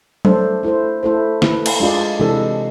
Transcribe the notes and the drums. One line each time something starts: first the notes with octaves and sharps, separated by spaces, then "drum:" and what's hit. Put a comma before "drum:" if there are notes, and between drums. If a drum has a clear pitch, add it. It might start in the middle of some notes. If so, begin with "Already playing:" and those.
A3 D4 A4 C5, drum: tom F#3
A3 E4 A4 C5
A3 E4 A4 C5
A3 E4 B4, drum: snare
drum: cymbal
G#3 D4 F4 G#4 D5
C3 E3 G#3 D4 A4